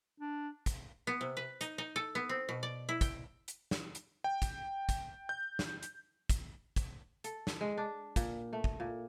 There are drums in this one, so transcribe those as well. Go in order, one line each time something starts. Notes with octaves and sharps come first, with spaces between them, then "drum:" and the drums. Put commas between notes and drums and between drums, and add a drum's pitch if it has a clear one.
D4
drum: kick, hi-hat
B3
C3
B4
D#4, drum: hi-hat
D#4
A4
B3
C4
B2
D5
E4
G5, drum: kick, hi-hat
drum: hi-hat
drum: snare
drum: hi-hat
G5
drum: kick, hi-hat
drum: kick, hi-hat
G6
drum: snare
drum: hi-hat
drum: kick, hi-hat
drum: kick, hi-hat
A4, drum: hi-hat
drum: snare
G#3
D4
A#2, drum: kick, hi-hat
A3
drum: kick
A#2